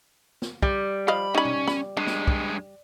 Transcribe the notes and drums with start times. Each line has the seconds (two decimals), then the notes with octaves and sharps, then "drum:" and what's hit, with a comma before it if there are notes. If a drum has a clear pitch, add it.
0.42 drum: snare
0.62 G3, drum: kick
1.08 F3 D#5 F5 B5
1.35 C#4 D#4 B5
1.45 drum: tom B2
1.68 B5, drum: snare
1.97 G2 G#3 D4
2.07 drum: snare
2.28 drum: kick